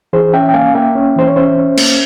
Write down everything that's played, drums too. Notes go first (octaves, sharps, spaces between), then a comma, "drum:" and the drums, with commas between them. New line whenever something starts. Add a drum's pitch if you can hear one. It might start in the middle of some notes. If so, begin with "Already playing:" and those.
E3 G#4 C5
C#4 E5 G5
G5
A#3 F5 G#5
A#3 E5 G5
C#4
E3 C5
C#5
C#4 C5 E5
C#4
A#3, drum: cymbal